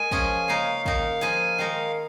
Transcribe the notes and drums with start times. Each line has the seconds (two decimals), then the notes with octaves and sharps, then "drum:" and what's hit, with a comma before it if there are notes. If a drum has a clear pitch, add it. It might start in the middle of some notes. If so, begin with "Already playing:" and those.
Already playing: G#3 A#4 G#5
0.11 F3 C#4 F4 G#4, drum: kick
0.48 C#3 A#3 D#4 A#4 F5
0.85 D#3 A#3 D#4 A#4 F5, drum: kick
1.21 F3 A#3 F4 G#4 G#5, drum: snare
1.58 D#3 G#3 D#4 A#4 F5